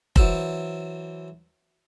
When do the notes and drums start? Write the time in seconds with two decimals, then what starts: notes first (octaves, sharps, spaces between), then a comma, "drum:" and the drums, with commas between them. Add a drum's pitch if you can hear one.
0.16 E3 F#3 A4 C5, drum: kick F1